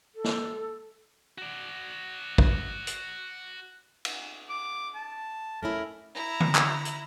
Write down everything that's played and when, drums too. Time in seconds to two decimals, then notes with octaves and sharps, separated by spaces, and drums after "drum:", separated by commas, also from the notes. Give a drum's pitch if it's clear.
0.15 A4
0.24 drum: snare
1.38 F#4 D5
2.38 drum: kick
2.87 drum: hi-hat
4.05 drum: cymbal
4.50 D6
4.95 A5
5.63 A3 C#4 E4 A#4
6.14 E4 A#5
6.40 drum: tom D3
6.55 drum: clap
6.85 drum: hi-hat